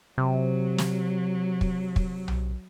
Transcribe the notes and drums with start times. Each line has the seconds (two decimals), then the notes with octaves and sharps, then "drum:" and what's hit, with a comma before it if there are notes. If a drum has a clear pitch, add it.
0.18 C3 F#3
0.78 drum: snare
1.61 drum: kick
1.96 drum: kick
2.28 drum: tom B1